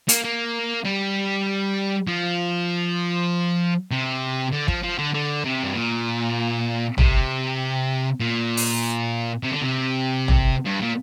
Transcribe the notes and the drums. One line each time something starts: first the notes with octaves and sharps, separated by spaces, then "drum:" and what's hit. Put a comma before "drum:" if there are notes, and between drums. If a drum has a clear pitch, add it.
A#3, drum: hi-hat
A#3
G3
F3
C3
D3
F3, drum: kick
F3
D3
D3
C3
G2
A#2
C3, drum: tom
A#2
drum: open hi-hat
C3
D3
C3
drum: tom
G2
A#2